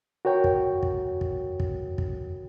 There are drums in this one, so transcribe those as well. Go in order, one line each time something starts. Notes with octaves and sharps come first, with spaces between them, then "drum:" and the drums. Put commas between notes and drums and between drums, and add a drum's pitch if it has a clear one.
F#4 A#4 C#5 G5
drum: kick
drum: kick
drum: kick
drum: kick
drum: kick